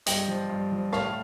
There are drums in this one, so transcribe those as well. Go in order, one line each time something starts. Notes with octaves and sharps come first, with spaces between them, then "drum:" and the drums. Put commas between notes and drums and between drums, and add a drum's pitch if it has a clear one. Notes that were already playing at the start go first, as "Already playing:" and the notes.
G2 D#5 G5, drum: hi-hat
F3
G2
F3
A2 F5 A5, drum: rim click